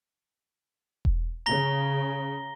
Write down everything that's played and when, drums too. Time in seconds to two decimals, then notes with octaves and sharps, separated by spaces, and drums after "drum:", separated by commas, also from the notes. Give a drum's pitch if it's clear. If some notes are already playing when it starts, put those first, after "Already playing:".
1.05 drum: kick E1
1.46 C#3 A#5 A#6 G7